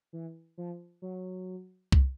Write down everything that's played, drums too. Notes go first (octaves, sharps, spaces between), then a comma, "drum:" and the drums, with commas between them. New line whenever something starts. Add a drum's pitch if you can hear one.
E3
F3
F#3
drum: kick C2